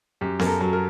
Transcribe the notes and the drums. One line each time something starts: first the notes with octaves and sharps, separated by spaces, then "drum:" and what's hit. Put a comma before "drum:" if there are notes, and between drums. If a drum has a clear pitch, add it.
F#2 G4
F#2 A#4, drum: snare B3
A4
F#3
A#4